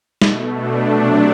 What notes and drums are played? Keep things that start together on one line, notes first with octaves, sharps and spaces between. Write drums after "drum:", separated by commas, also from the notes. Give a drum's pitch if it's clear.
B2 A3, drum: snare
D4
C3 F#3 A3